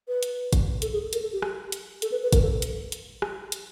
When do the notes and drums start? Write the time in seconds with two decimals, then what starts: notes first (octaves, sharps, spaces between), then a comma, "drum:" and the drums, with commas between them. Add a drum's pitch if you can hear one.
0.08 B4
0.23 drum: hi-hat
0.53 drum: kick, hi-hat
0.82 A4, drum: hi-hat
0.93 G#4
1.02 A4
1.13 A#4, drum: hi-hat
1.22 A4
1.33 G4
1.42 drum: rim click
1.72 drum: hi-hat
2.02 A4, drum: hi-hat
2.12 B4
2.23 B4
2.33 A#4, drum: kick, hi-hat
2.42 A4
2.62 drum: hi-hat
2.92 drum: hi-hat
3.22 drum: rim click
3.52 drum: hi-hat